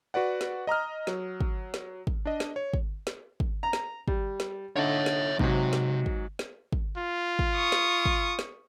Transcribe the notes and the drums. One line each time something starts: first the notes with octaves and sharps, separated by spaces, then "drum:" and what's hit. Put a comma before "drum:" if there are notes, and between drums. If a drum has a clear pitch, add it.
F#4 B4 D5 F#5
drum: snare
D#5 A#5 D#6 F6
F#3, drum: snare
drum: kick
drum: snare
drum: kick
D4 D#5
drum: snare
C#5
drum: kick
drum: snare
drum: kick
A#5
drum: snare
G3, drum: kick
drum: snare
D3 D#4 C#5 E5
drum: snare
G#2 C3 F#3, drum: kick
drum: snare
drum: kick
drum: snare
drum: kick
F4
drum: kick
C#6 D#6
drum: snare
drum: kick
drum: snare